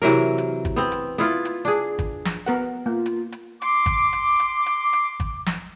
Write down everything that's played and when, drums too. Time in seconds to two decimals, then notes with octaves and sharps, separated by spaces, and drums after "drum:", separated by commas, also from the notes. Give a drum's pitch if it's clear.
0.02 C3 E3 F#3 A#4
0.38 drum: hi-hat
0.65 drum: kick G#1, hi-hat
0.76 B3 C4
0.92 drum: hi-hat
1.18 B3 E4 F4, drum: hi-hat
1.45 drum: hi-hat
1.65 D4 G#4
1.99 drum: kick G#1, hi-hat
2.25 drum: snare
2.46 B3 A#4 F#5
2.86 A#3 F4
3.06 drum: hi-hat
3.32 drum: hi-hat
3.62 C6 D6, drum: hi-hat
3.86 drum: kick G#1, hi-hat
4.13 drum: hi-hat
4.39 drum: hi-hat
4.66 drum: hi-hat
4.93 drum: hi-hat
5.20 drum: kick G#1, hi-hat
5.46 drum: snare